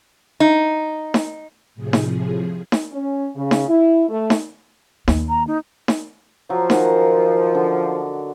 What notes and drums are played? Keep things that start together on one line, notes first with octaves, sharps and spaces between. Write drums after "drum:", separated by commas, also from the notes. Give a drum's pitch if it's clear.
D#4
drum: snare D#4
A2 C3 F3 G#4
drum: snare D#4
drum: snare D#4
C#4
C#3
drum: snare D#4
E4
A3
drum: snare D#4
D#2, drum: snare D#4
A#5
D#4
drum: snare D#4
F3 F#3
D#3 F#5 G#5, drum: snare D#4
D3